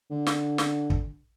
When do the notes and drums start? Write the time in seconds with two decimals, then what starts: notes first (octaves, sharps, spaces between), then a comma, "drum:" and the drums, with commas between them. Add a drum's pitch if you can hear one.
0.11 D3
0.26 drum: snare
0.58 drum: snare
0.90 drum: kick